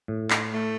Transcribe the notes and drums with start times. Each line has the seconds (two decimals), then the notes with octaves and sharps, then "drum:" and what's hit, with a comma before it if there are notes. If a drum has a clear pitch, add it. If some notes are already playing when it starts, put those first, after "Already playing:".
0.08 A2
0.30 drum: clap
0.53 A3